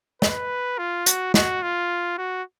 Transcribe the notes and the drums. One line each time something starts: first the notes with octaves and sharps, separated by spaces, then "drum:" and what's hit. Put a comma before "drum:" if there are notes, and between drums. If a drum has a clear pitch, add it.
B4, drum: snare
F4
F#4, drum: hi-hat
F#4, drum: snare
F4
F#4